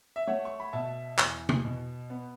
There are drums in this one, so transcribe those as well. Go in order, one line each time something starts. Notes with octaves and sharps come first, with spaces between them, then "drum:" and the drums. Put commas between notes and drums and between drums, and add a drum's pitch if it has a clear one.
E5
A3 C#5 F#5
C#6
B5
B2 E5 A5
E2, drum: clap
drum: tom
B2
B3